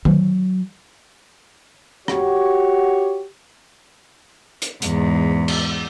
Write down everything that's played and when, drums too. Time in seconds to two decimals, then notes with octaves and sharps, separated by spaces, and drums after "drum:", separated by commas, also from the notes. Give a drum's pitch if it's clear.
0.05 F#3, drum: tom D#3
2.08 F#4 G4 C#5, drum: rim click
4.62 drum: hi-hat
4.82 E2 G#2, drum: hi-hat
5.48 drum: cymbal